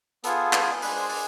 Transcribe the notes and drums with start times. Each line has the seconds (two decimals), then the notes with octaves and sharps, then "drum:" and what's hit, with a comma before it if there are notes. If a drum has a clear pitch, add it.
0.24 B3 F4 G#4 A4, drum: hi-hat
0.53 drum: clap
0.82 G#3 D4 G#4 B4, drum: open hi-hat
0.96 C5
1.09 D5, drum: open hi-hat